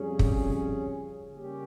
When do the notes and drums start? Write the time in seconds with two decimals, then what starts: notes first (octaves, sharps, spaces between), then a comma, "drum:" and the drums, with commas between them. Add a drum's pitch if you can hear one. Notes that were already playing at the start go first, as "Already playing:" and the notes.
Already playing: F2 C#3 G3 C#4 G#4
0.19 drum: kick
1.32 C#3 G3 A#3 C#4 G4